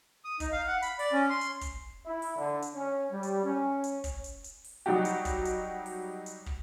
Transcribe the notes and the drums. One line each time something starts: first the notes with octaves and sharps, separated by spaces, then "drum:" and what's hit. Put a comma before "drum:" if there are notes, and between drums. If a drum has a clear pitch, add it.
D#6
D#4, drum: kick, hi-hat
F5
F#5
B5, drum: hi-hat
D5, drum: open hi-hat
C#4
C6
drum: hi-hat
drum: kick, hi-hat
E4
drum: open hi-hat
D3
drum: hi-hat
C#4
G3
drum: hi-hat
C#4
drum: hi-hat
drum: kick, hi-hat
drum: hi-hat
drum: hi-hat
drum: open hi-hat
F#3 G3 D#4 F#4 G4
drum: hi-hat
drum: kick, hi-hat
drum: hi-hat
drum: open hi-hat
drum: hi-hat
drum: kick